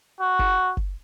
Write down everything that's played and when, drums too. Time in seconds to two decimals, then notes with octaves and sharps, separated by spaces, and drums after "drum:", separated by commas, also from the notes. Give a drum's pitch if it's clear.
0.20 F#4
0.39 drum: kick F#1
0.77 drum: kick F#1